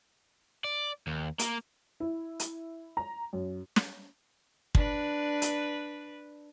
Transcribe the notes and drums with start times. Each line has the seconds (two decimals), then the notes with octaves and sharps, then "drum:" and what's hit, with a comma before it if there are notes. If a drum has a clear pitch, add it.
0.64 D5
1.07 D#2
1.39 A#3, drum: hi-hat
2.00 E4
2.40 drum: hi-hat
2.97 A#5
3.33 F#2
3.76 drum: snare
4.75 D4 B4, drum: kick
5.42 drum: hi-hat